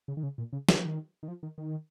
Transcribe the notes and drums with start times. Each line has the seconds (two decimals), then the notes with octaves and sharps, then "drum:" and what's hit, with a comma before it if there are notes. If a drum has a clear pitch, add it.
0.08 C#3
0.17 D#3
0.23 C#3
0.38 A#2
0.53 C#3
0.69 D#3, drum: snare
0.77 F3
0.85 D#3
1.23 D#3
1.28 F3
1.43 D#3
1.58 D#3